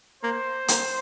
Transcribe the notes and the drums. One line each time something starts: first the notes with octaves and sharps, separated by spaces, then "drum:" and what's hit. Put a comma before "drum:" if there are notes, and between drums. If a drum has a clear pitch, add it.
A#3 C5
A#3, drum: hi-hat